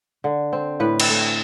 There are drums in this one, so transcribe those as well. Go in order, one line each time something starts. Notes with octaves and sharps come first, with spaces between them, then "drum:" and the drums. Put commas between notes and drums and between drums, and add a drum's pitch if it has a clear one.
D3
C4
A2 B4
drum: cymbal
A3